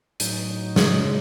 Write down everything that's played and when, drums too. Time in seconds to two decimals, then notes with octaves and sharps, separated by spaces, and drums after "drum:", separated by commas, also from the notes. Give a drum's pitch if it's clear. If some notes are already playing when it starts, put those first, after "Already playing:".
0.20 A2 F#3 D#4, drum: hi-hat
0.76 C#3 G#3, drum: snare